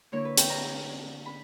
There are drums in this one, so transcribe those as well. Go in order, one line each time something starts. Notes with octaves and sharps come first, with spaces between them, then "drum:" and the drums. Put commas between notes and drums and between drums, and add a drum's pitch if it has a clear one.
D3 A#3 E4 C#5
B4
G5, drum: hi-hat
A#5
B5